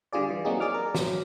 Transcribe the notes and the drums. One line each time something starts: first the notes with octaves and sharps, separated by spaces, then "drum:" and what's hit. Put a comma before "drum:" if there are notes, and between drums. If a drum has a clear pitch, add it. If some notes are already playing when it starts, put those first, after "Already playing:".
D3 G3 F4 G#4 D5
E3
F#3 A#3 C4 D#4 F#4 G#4
G#4 D5 D6 F6
A#4
F#3, drum: snare